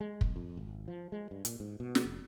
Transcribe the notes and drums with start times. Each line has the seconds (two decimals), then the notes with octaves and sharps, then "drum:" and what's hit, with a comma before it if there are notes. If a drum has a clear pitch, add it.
0.01 G#3
0.21 B1, drum: kick
0.36 F2
0.57 G#1
0.88 F3
1.12 G#3
1.31 G2
1.45 A#2, drum: hi-hat
1.60 G#2
1.80 B2
1.95 drum: snare
2.05 F1